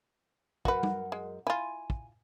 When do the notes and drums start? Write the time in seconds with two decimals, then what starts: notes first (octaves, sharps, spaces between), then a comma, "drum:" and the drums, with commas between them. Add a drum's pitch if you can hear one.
0.65 F#2 F#4 A#4 B4 F#5, drum: kick
0.83 drum: tom
1.12 G#3
1.47 E4 F4 G#5
1.90 drum: kick